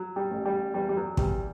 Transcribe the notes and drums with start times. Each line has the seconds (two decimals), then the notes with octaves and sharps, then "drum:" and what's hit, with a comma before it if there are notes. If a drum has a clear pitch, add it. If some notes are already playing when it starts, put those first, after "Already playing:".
Already playing: F#3
0.16 G3
0.31 A1
0.45 G3
0.74 E2 G3
0.89 G3
0.97 F#3
1.17 E2 G3, drum: kick